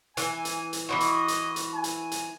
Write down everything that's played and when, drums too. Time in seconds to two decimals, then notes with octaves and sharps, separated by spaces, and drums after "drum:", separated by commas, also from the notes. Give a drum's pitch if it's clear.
0.17 E3 G#5, drum: hi-hat
0.45 drum: hi-hat
0.73 drum: hi-hat
0.89 E3 E4 F#4 D#5
1.00 drum: hi-hat
1.28 drum: hi-hat
1.56 drum: hi-hat
1.75 G#5
1.84 drum: hi-hat
2.12 drum: hi-hat